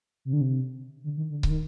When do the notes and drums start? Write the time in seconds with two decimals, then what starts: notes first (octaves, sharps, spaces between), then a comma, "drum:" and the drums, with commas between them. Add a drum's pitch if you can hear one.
0.25 C3
0.33 D3
0.41 C3
1.04 D3
1.17 D#3
1.30 D3
1.43 D3, drum: kick C#1
1.50 D#3